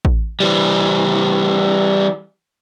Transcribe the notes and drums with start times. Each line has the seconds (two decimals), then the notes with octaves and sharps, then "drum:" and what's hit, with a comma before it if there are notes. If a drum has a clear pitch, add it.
0.05 drum: kick A1
0.40 E3 G3